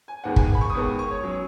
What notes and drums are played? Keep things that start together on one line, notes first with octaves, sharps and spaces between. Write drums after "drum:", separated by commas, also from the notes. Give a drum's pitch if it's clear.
G#5
D#2 D#3 G#3 B3 F#5
G#5, drum: kick
B5
C#6
D#6
D#2 D#3 G#3 B3 C#6
C#6
C#5
F#3 C#4